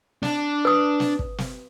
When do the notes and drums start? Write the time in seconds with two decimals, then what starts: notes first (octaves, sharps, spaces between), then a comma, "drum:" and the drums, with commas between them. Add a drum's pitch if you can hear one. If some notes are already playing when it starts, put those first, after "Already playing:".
0.23 D4, drum: snare
0.65 B4 D#6
1.00 drum: snare
1.19 drum: kick
1.38 drum: snare